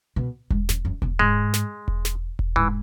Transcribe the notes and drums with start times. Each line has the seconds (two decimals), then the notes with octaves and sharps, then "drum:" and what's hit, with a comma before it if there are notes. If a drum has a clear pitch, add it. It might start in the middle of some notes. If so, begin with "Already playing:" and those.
0.16 B2
0.50 G#2, drum: kick E1
0.69 F#2, drum: snare
0.85 F#2
1.02 B2, drum: kick E1
1.19 G#2 G#3
1.54 drum: snare
1.88 drum: kick E1
2.05 drum: snare
2.39 drum: kick E1
2.56 G#2 E3